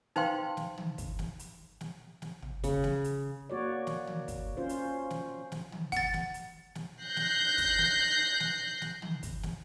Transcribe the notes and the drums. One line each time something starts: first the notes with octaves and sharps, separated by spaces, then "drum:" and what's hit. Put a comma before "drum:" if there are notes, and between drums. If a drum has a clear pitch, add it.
D#4 B4 C5 F5 G5 C6, drum: snare
drum: snare
drum: tom
drum: kick, hi-hat
drum: snare
drum: hi-hat
drum: snare
drum: snare
drum: tom
C#3, drum: kick, hi-hat
drum: snare
drum: hi-hat
A#3 F#4 C#5 D5
drum: snare
drum: tom
drum: kick, hi-hat
C#4 F4 C5
drum: hi-hat
drum: snare
drum: snare
drum: tom
F#5 A6, drum: kick, hi-hat
drum: snare
drum: hi-hat
drum: snare
F#6 G6 A#6 C7
drum: snare
drum: kick, hi-hat
drum: snare
drum: snare
drum: snare
drum: tom
drum: kick, hi-hat
drum: snare